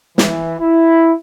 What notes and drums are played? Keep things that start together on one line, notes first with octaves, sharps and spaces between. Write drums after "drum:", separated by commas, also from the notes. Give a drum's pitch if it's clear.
E3, drum: snare
E4